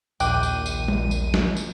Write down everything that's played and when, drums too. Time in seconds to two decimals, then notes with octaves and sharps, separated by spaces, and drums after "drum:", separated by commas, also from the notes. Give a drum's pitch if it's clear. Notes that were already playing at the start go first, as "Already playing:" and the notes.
0.20 A#1 D#2 G5 D6 F#6 D#7, drum: tambourine
0.43 drum: tambourine
0.66 drum: tambourine
0.88 drum: tom G3
1.11 drum: tambourine
1.34 drum: snare
1.57 drum: tambourine